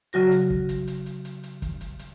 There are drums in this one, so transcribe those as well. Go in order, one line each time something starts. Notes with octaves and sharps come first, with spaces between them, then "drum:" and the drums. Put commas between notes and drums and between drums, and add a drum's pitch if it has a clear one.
C#3 F#3 F#4 A#6
drum: hi-hat
drum: kick
drum: hi-hat
drum: hi-hat
drum: hi-hat
drum: hi-hat
drum: hi-hat
drum: kick, hi-hat
drum: hi-hat
drum: hi-hat